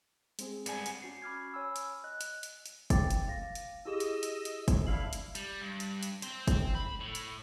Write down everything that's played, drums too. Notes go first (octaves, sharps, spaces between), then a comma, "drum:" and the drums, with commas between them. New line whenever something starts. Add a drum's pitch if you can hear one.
G#3 C4 G#4, drum: hi-hat
G2 B3 D5 G#5, drum: hi-hat
drum: hi-hat
C#4 F#4 C7
B5 D6 F6 G#6
C#5 G#5 B5 E6
drum: hi-hat
D#5 F#6
drum: hi-hat
drum: hi-hat
drum: hi-hat
G5 D6 A6, drum: kick, hi-hat
drum: hi-hat
F5 A#6
drum: hi-hat
E4 G4 G#4 D#5 E6
drum: hi-hat
drum: hi-hat
drum: hi-hat
drum: kick, hi-hat
D3 E4 F5 F#7
drum: hi-hat
G3, drum: hi-hat
G2
drum: hi-hat
drum: hi-hat
C5 G5, drum: hi-hat
drum: kick, hi-hat
B5
A2
drum: hi-hat